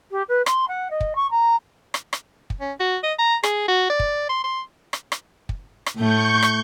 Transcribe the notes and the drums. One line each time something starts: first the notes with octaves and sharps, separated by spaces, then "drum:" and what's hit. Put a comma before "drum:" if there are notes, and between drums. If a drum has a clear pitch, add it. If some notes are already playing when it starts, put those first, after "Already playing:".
G4
B4
C6, drum: rim click
F#5
D#5
drum: kick
C#6
A#5
drum: rim click
drum: rim click
drum: kick
C#4
F#4
D#5
A#5
G#4, drum: rim click
F#4
D5
drum: kick
C6
C6
drum: rim click
drum: rim click
drum: kick
drum: rim click
A2 A3 C#6 G6
drum: rim click